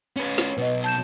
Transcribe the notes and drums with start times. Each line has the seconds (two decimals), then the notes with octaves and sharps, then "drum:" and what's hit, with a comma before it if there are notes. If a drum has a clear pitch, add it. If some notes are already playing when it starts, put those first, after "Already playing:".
0.16 C#4 B4
0.38 drum: snare
0.57 B2 F#3 B4 D#5
0.84 A5 G6 E7, drum: cymbal